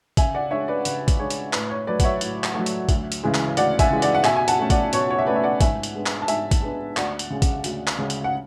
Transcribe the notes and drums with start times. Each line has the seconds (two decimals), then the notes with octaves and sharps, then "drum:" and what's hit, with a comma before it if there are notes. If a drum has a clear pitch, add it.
0.17 C#3 E5 G#5, drum: kick, hi-hat
0.35 D5 F#5
0.51 G#3 D4 C#5 E5
0.68 B4 D5
0.85 C#3 B4, drum: hi-hat
1.08 drum: kick, hi-hat
1.19 G#3 D4 C#5
1.30 drum: hi-hat
1.53 A2 B4, drum: clap
1.70 C#5
1.87 F#3 A3 B4 D5
2.00 F#5, drum: kick, hi-hat
2.04 C#5 E5
2.21 A2, drum: hi-hat
2.44 drum: clap
2.55 F#3 A3
2.66 drum: hi-hat
2.89 D2, drum: kick, hi-hat
3.12 drum: hi-hat
3.23 C#3 E3 G#3
3.34 drum: clap
3.57 D2 D5 F#5, drum: hi-hat
3.79 E5 G#5, drum: kick, hi-hat
3.90 C#3 E3 G#3
4.02 D5 F#5, drum: hi-hat
4.15 F#5
4.24 B2 E5 G#5, drum: clap
4.36 G#5
4.48 F#5 A5, drum: hi-hat
4.59 A3 C#4
4.70 D5 F#5, drum: kick, hi-hat
4.93 B2 C#5, drum: hi-hat
5.10 C#5
5.19 E5
5.27 A3 C#4 B4 D5
5.36 E5
5.43 D5 F#5
5.61 G#2 E5 G#5, drum: kick, hi-hat
5.83 drum: hi-hat
5.95 G#3 B3 D4
6.06 drum: clap
6.22 A5
6.28 G#2 E5 G#5, drum: hi-hat
6.51 drum: kick, hi-hat
6.62 G#3 B3 D4
6.97 D2 D5 F#5, drum: clap
7.19 drum: hi-hat
7.30 C#3 G#3 C#4
7.42 drum: kick, hi-hat
7.64 D2, drum: hi-hat
7.87 drum: clap
7.99 C#3 G#3 C#4
8.10 drum: hi-hat
8.24 F#5